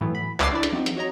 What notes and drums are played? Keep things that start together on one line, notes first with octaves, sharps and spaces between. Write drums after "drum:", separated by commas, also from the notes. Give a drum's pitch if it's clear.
A2 E3 F#3 A3 B3
B5
C#2 G#5 D6 E6 A6 C7, drum: clap
D4 E4 D5
drum: hi-hat
F3 C4 D#4 F#4
drum: hi-hat
F#4 C#5 D#5 A#5